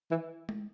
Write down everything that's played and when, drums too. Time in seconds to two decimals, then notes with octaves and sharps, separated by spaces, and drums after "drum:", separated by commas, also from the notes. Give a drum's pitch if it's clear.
0.11 E3
0.49 drum: tom G#3